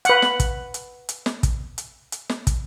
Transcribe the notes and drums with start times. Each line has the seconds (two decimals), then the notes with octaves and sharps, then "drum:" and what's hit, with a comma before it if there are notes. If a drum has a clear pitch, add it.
0.05 B4 F#5, drum: hi-hat
0.22 drum: snare
0.40 drum: kick, hi-hat
0.74 drum: hi-hat
1.09 drum: hi-hat
1.26 drum: snare
1.43 drum: kick, hi-hat
1.78 drum: hi-hat
2.12 drum: hi-hat
2.29 drum: snare
2.47 drum: kick, hi-hat